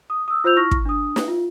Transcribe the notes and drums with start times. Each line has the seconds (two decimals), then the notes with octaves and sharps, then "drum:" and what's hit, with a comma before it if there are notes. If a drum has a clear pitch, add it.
0.10 D#6
0.28 D#6 E6
0.44 F4 C5 E6 G6 F7
0.57 E4 C#6 F6 A#6
0.71 drum: kick
0.86 D4 D#6
1.16 drum: snare
1.28 F4